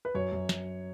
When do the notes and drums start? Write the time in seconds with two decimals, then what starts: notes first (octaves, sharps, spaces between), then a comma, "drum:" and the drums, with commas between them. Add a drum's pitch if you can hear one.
0.05 B4
0.15 F#2 C#5
0.33 F#2
0.49 drum: snare